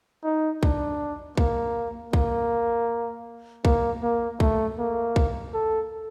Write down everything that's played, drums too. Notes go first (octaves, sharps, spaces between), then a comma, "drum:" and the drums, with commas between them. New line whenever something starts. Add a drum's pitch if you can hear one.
D#4
D4, drum: kick
A#3, drum: kick
A#3, drum: kick
A#3, drum: kick
A#3
A3, drum: kick
A#3
drum: kick
A4